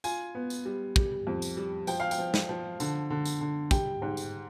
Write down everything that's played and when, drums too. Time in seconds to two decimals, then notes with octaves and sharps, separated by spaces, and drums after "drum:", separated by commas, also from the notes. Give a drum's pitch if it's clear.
0.04 F4 G#5, drum: tambourine
0.35 B3
0.50 drum: tambourine
0.66 G3
0.96 G3, drum: kick
1.27 F2
1.42 drum: tambourine
1.57 G3
1.87 F3 G5, drum: tambourine
2.00 F5
2.11 G5, drum: tambourine
2.18 F3
2.34 drum: snare
2.49 F3
2.80 D3, drum: tambourine
3.10 D3
3.25 drum: tambourine
3.41 D3
3.71 G3 G5, drum: kick, tambourine
4.02 G#2
4.17 drum: tambourine